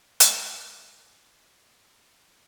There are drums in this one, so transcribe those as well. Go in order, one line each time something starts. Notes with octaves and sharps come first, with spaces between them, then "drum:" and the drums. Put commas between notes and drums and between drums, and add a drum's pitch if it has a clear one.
G#3 D6 D#6, drum: hi-hat